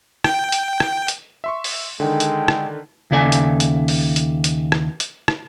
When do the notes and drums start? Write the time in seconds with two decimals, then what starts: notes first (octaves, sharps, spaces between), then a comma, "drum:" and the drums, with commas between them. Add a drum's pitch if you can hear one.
0.24 G5, drum: rim click
0.52 drum: hi-hat
0.80 drum: rim click
1.08 drum: hi-hat
1.44 E5 C6 C#6
1.64 drum: open hi-hat
2.00 D3 D#3 G#3 A4 G5
2.20 drum: hi-hat
2.48 drum: rim click
3.11 D#2 C#3 E4 A4 D5 G#5
3.32 drum: hi-hat
3.60 drum: hi-hat
3.88 drum: open hi-hat
4.16 drum: hi-hat
4.44 drum: hi-hat
4.72 drum: rim click
5.00 drum: hi-hat
5.28 drum: rim click